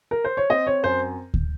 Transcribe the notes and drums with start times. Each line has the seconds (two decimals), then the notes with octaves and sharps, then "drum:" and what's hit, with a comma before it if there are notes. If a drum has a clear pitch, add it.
0.11 A#4
0.24 C5
0.37 C#5
0.50 C4 D#5
0.67 C#5
0.83 F#2 C5
1.34 drum: kick D2